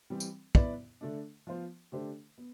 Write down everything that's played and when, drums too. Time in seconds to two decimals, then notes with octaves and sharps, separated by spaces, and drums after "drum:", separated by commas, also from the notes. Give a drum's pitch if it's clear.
0.10 E3 G3 C4
0.20 drum: tambourine
0.55 B3 E4 B4 D5, drum: kick
1.01 D3 A3 D4
1.47 F3 B3 F4 C5
1.92 D3 A3 D4 G4 C5
2.38 B3